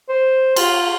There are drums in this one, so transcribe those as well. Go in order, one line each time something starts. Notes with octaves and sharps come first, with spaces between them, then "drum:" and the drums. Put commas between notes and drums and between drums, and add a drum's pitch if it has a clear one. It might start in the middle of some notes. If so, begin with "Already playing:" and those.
C5
F4, drum: cymbal